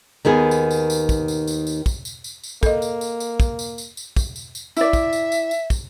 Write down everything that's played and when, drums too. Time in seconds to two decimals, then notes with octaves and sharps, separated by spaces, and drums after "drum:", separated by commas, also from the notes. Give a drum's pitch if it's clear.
0.25 D#2 D#3 B3 G#4
0.51 drum: tambourine
0.71 drum: tambourine
0.90 drum: tambourine
1.09 drum: kick, tambourine
1.28 drum: tambourine
1.47 drum: tambourine
1.67 drum: tambourine
1.86 drum: kick, tambourine
2.05 drum: tambourine
2.24 drum: tambourine
2.44 drum: tambourine
2.63 A#3 A4 D#5, drum: kick, tambourine
2.82 drum: tambourine
3.01 drum: tambourine
3.20 drum: tambourine
3.40 drum: kick, tambourine
3.59 drum: tambourine
3.78 drum: tambourine
3.97 drum: tambourine
4.16 drum: kick, tambourine
4.36 drum: tambourine
4.55 drum: tambourine
4.77 E4 D5 E5, drum: tambourine
4.93 drum: kick, tambourine
5.13 drum: tambourine
5.32 drum: tambourine
5.51 drum: tambourine
5.70 drum: kick, tambourine